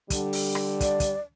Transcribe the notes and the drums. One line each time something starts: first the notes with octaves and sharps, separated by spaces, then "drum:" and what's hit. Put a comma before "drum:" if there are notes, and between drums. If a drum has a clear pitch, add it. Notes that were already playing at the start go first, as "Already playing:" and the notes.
D3 G3, drum: kick, hi-hat
drum: open hi-hat
drum: rim click
D5, drum: kick, hi-hat
drum: kick, hi-hat